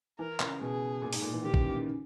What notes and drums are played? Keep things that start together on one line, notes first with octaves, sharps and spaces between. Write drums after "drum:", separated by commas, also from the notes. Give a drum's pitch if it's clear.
E3 A#4
C#3, drum: clap
B2 G#4
A#2
G#2, drum: open hi-hat
A#2
E3
D#3 G4
C#3, drum: kick A1
C#3